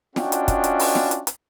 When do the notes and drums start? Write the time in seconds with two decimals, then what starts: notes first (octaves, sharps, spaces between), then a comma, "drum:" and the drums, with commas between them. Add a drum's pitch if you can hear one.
0.16 C#4 D4 F4 F#4 D#5 G5, drum: snare
0.32 drum: hi-hat
0.48 drum: kick, hi-hat
0.64 drum: hi-hat
0.79 drum: open hi-hat
0.95 drum: snare
1.11 drum: hi-hat
1.27 drum: hi-hat